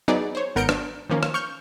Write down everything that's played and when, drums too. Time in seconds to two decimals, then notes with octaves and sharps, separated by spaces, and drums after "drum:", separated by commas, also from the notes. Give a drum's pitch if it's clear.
0.08 F#3 B3 D#4 G#4 B4 D5
0.35 C5 C#5
0.55 G#1 B3 A#4 G6 C#7 D7
0.69 D4, drum: rim click
1.10 D#3 F3 A#3 C#4
1.23 drum: rim click
1.34 C#6 F6 G6